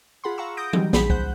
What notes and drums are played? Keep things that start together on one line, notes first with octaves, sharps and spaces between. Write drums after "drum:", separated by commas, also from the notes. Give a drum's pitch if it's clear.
F4 G#4 F#5 B5 C6
F5 F#5 A#5 C#6 E6
D#6 G6 A#6 D7
D#3 F#3 G3 D#4, drum: tom E3
A#1 G#4 B5 B6, drum: snare
C#2 C5 F#5 F#6 G6, drum: kick